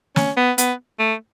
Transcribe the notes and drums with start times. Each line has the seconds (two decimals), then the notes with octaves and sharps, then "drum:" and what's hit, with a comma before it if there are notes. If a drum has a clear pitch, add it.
0.16 C#4, drum: snare
0.37 B3
0.58 B3, drum: hi-hat
0.99 A3